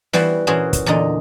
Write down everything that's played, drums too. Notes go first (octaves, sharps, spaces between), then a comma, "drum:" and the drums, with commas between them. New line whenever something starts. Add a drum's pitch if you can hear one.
E3 G3 B3 F#4 C5, drum: snare
A#2 E3 C#4 F#4 G#4 C5
drum: kick, hi-hat
E2 A#2 D3 D#4